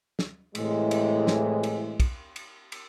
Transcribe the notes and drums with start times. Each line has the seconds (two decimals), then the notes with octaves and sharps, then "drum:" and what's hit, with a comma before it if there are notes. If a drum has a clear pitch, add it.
0.19 drum: snare
0.55 A2 C3 E3 G#3, drum: cymbal
0.91 drum: cymbal
1.27 drum: snare
1.63 drum: cymbal
2.00 drum: kick, cymbal
2.36 drum: cymbal
2.72 drum: cymbal